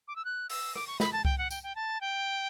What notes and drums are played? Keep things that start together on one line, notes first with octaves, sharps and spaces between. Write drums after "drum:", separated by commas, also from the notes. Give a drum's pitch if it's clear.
D6
E6
F#6
E6, drum: open hi-hat
D6, drum: rim click
C#6
B5, drum: snare
A5
G5, drum: kick C2
F#5
G5, drum: tambourine
G5
A5
G5